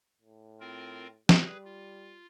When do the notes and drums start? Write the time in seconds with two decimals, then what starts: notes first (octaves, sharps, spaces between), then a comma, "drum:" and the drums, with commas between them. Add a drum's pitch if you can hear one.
0.21 A2
0.60 C4 F4 A#4
1.29 G3 G#4 B4, drum: snare
1.64 F4